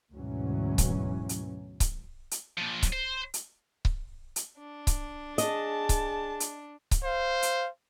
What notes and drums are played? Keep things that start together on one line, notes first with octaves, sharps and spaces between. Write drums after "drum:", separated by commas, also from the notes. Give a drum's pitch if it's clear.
D2 G#2 B2 E3 F#3 C#4
drum: kick C#1, hi-hat
drum: hi-hat
drum: kick C#1, hi-hat
drum: hi-hat
A#2 F3
drum: kick C#1, hi-hat
C5
drum: hi-hat
drum: kick C#1
drum: hi-hat
D4
drum: kick C#1, hi-hat
G#4 D#5 A5, drum: hi-hat
drum: kick C#1, hi-hat
drum: hi-hat
drum: kick C#1, hi-hat
C5 F5
drum: hi-hat